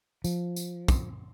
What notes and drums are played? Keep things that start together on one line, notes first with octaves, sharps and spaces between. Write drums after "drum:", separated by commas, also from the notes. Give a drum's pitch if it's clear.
F3, drum: tambourine
drum: tambourine
drum: kick, tambourine